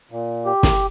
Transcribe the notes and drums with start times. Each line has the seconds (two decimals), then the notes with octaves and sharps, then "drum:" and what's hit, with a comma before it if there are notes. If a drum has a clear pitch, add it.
0.11 A#2
0.45 G4
0.63 drum: snare